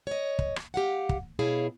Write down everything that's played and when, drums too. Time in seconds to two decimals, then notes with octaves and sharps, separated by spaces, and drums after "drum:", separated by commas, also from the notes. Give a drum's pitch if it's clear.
0.07 C#5 D#5
0.39 drum: kick
0.56 drum: rim click
0.74 G4 F5 F#5
1.09 drum: kick
1.39 B2 E4 G#4 C#5 F5